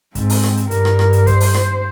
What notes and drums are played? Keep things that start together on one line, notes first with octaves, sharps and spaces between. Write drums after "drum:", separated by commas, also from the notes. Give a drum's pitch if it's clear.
G#2 C4, drum: kick, hi-hat
drum: open hi-hat
drum: rim click
drum: hi-hat
G2 A#4, drum: hi-hat
drum: rim click
drum: rim click
drum: hi-hat
C5, drum: kick, hi-hat
drum: open hi-hat
drum: rim click